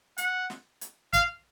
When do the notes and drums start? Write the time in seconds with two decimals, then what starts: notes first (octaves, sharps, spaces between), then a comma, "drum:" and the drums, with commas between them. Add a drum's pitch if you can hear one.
0.18 F#5, drum: hi-hat
0.50 drum: snare
0.81 drum: hi-hat
1.13 F5, drum: kick, hi-hat